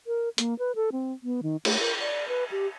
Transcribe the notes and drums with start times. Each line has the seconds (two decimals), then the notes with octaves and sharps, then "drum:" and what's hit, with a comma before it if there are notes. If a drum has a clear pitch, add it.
0.07 A#4
0.38 A#3, drum: hi-hat
0.59 B4
0.75 A4
0.92 C4
1.23 B3
1.43 D#3
1.65 A3, drum: cymbal
1.80 A#4
2.00 D5
2.28 B4
2.51 G4